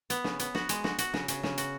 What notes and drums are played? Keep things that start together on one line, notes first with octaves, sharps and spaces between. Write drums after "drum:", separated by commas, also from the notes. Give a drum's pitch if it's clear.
B3, drum: hi-hat
C#3, drum: snare
B3, drum: hi-hat
F#4, drum: snare
G#3, drum: hi-hat
F#4, drum: snare
F#4, drum: hi-hat
C#3, drum: snare
C#3, drum: hi-hat
C#3, drum: snare
F#4, drum: hi-hat